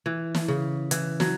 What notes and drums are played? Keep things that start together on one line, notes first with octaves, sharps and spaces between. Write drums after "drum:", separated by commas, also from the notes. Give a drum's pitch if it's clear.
E3
drum: snare
C#3
E3, drum: hi-hat
F#3, drum: snare